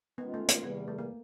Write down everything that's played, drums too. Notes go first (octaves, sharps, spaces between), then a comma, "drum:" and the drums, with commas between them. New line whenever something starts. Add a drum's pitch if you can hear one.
D#3 G#3 B3 C#4 F4
A3
A#3, drum: hi-hat
E2 C3 D#3 G3 B3
A3
A#3